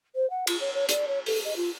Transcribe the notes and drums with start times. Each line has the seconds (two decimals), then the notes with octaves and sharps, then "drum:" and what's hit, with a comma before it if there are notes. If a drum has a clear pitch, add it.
0.15 C5
0.30 F#5
0.47 F4, drum: cymbal
0.60 C#5
0.74 C#5
0.89 D5, drum: hi-hat
1.07 C#5
1.26 A4, drum: open hi-hat
1.44 D#5
1.56 F4